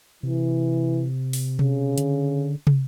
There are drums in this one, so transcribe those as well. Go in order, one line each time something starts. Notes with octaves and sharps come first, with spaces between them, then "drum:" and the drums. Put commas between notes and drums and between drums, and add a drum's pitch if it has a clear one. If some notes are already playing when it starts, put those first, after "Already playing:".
C3 E3
drum: open hi-hat
C#3, drum: tom C3
D3, drum: hi-hat
drum: tom